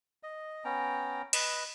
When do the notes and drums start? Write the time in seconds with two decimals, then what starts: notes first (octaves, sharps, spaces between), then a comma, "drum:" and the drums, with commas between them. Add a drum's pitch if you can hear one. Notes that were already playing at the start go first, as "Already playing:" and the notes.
0.23 D#5
0.65 B3 C#4 G5 A#5
1.33 B4 D#5, drum: cymbal